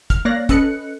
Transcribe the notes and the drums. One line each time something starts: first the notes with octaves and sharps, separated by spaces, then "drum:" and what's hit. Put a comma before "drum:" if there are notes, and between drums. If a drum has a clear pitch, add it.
F6, drum: kick, hi-hat
A#3 C#5 D5 F5 F#6 A#6
C#4 A4 B4 D#5 F#6 C#7, drum: kick, hi-hat